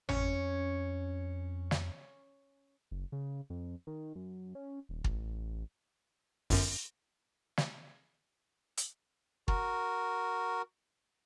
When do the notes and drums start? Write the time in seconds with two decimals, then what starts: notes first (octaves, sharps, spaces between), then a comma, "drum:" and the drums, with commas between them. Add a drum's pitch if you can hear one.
0.09 F2 C#4, drum: tom G#1
1.71 drum: snare
2.91 F#1
3.12 C#3
3.50 F2
3.87 D#3
4.15 F#2
4.55 C#4
4.89 D#1
5.04 A1, drum: kick
6.50 G1 F#2, drum: open hi-hat
7.57 drum: snare
8.78 drum: hi-hat
9.48 F#4 A#4, drum: kick